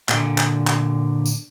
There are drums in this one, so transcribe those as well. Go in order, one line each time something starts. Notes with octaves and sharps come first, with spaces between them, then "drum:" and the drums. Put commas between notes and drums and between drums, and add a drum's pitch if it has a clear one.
A#2 D3, drum: clap
drum: clap
drum: clap
drum: tambourine